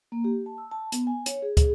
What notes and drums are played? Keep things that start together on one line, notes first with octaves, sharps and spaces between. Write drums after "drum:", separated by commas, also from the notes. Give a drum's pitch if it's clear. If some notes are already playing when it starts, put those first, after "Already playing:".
A#3
G4
A5
E6
A5
B3, drum: hi-hat
G#5
C#5, drum: hi-hat
G#4
G#4, drum: kick, hi-hat